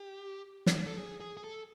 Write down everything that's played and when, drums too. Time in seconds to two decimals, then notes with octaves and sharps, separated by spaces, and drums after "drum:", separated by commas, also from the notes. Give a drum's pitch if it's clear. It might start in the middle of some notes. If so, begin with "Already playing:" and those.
Already playing: G4
0.66 drum: snare
0.87 A4
0.97 G#4
1.20 G#4
1.37 G#4
1.44 A4